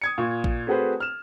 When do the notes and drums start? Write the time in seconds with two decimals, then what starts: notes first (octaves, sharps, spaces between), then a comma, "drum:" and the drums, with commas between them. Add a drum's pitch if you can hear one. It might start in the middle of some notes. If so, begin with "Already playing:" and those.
0.02 D#6 G#6 C#7
0.18 A#2 C#6
0.44 drum: kick A1
0.67 A3 C4 F#4 G#4 B4 C5
1.00 F6 E7